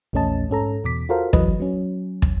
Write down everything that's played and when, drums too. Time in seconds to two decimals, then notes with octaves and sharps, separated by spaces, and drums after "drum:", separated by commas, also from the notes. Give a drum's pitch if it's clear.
0.13 A#1 E2 A3 C#4 D#5 A5
0.50 G#2 C#4 A4 A#5
0.84 E2 B2 D6 B6
1.09 F4 F#4 A4 A#4 C5 F5
1.33 E3 F#3 B4 D#5, drum: kick
1.60 F#3 C#4
2.22 drum: kick